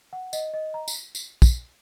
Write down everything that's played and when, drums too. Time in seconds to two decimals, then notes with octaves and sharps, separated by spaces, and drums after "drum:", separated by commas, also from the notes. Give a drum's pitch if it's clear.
0.13 F#5
0.33 D#5, drum: tambourine
0.54 D#5
0.74 A#5
0.88 drum: tambourine
1.15 drum: tambourine
1.42 drum: kick, tambourine